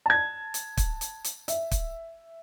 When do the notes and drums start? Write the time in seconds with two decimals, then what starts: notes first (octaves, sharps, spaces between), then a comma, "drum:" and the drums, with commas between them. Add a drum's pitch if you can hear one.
0.06 A5 G#6
0.54 drum: hi-hat
0.77 drum: kick, hi-hat
1.01 drum: hi-hat
1.24 drum: hi-hat
1.48 E5, drum: hi-hat
1.71 drum: kick, hi-hat